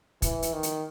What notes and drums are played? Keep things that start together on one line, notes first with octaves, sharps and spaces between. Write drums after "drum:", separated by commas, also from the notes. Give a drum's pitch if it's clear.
E3, drum: kick, hi-hat
drum: hi-hat
D#3
drum: hi-hat